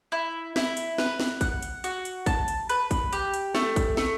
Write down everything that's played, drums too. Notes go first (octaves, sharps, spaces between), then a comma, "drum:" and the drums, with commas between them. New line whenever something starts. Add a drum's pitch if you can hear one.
E4
E4, drum: snare
drum: hi-hat
B4, drum: snare
drum: snare
F#5, drum: kick, hi-hat
drum: hi-hat
F#4, drum: hi-hat
drum: hi-hat
A5, drum: kick, hi-hat
drum: hi-hat
B4, drum: hi-hat
drum: kick, hi-hat
G4, drum: hi-hat
drum: hi-hat
A3, drum: snare
drum: kick, hi-hat
A3, drum: snare